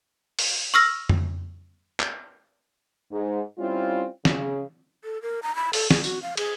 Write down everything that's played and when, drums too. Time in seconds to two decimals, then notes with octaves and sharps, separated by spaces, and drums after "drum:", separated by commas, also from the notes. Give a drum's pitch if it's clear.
0.39 drum: open hi-hat
0.74 C#6 E6 F6 A#6
1.09 drum: tom F2
2.00 drum: clap
3.12 G#2
3.59 G3 C4 C#4 E4 F4
4.25 C#3, drum: snare
5.04 A4
5.22 A#4
5.43 A#5
5.55 B5
5.73 A4, drum: open hi-hat
5.91 G#4, drum: snare
6.04 F#4, drum: tambourine
6.22 F5
6.37 G#4, drum: cymbal